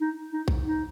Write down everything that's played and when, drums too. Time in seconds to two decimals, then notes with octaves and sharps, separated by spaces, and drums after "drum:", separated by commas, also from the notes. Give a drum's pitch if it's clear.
0.01 D#4
0.33 D#4
0.48 drum: kick B1
0.65 D#4